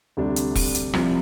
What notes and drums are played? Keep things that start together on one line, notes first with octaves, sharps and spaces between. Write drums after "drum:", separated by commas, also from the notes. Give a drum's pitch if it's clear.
D2 C3 G3 D4
drum: hi-hat
drum: kick E1, open hi-hat
drum: hi-hat
C2 C3 F3, drum: rim click